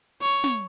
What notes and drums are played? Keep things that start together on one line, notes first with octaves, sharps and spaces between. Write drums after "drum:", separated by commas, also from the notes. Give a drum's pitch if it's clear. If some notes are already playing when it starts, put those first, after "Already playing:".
C#5
drum: snare